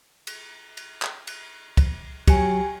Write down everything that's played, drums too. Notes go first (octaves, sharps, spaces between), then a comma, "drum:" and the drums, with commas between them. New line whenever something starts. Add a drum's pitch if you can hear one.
drum: cymbal
drum: cymbal
drum: clap
drum: cymbal
drum: kick, cymbal
F#3 G4 G#5, drum: kick, cymbal